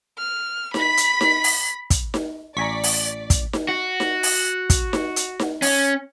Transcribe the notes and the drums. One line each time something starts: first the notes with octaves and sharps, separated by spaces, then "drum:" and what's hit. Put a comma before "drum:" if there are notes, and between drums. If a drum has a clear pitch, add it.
F6
B5 B6, drum: snare D#4
drum: hi-hat
drum: snare D#4
drum: open hi-hat
drum: kick, hi-hat
drum: snare D#4
A1 D5 G#5 A#5 C#6 B6
drum: open hi-hat
drum: kick, hi-hat
drum: snare D#4
F#4
drum: snare D#4
drum: open hi-hat
drum: kick, hi-hat
drum: snare D#4
drum: hi-hat
drum: snare D#4
C#4, drum: open hi-hat